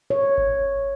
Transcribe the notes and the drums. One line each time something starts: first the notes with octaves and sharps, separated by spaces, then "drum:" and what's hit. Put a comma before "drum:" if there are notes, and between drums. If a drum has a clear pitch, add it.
C#5
drum: kick G1